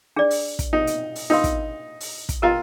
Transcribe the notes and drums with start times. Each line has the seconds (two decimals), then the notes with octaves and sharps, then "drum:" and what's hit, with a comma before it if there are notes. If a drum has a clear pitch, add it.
0.16 D4 G#4 D5
0.30 drum: open hi-hat
0.59 drum: kick, hi-hat
0.73 D#4
0.87 drum: hi-hat
1.15 drum: open hi-hat
1.30 D4 D#4 F4 A#4 F5 C6
1.44 drum: kick, hi-hat
2.00 drum: open hi-hat
2.29 drum: kick, hi-hat
2.42 F4 A#4 D#5 G5 A#5